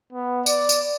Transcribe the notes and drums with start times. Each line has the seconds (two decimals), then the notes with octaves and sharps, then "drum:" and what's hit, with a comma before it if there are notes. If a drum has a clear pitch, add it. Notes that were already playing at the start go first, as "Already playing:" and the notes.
0.13 B3
0.46 D5, drum: tambourine
0.69 drum: tambourine